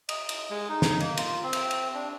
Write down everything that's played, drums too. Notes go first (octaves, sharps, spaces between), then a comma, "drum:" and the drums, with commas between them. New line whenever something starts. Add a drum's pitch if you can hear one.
D#5, drum: cymbal
drum: cymbal
G#3
D#4
drum: snare
A#3, drum: cymbal
F4, drum: cymbal
C4
drum: cymbal
drum: cymbal
D4